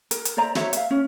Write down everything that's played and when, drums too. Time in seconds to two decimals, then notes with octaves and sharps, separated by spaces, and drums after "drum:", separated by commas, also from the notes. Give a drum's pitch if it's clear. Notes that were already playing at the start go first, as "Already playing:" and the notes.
0.11 A#4, drum: hi-hat
0.25 drum: hi-hat
0.37 C5 D5 E5 A#5
0.55 F#4 C5 C#5 E5, drum: snare
0.73 E5 F5, drum: hi-hat
0.91 C#4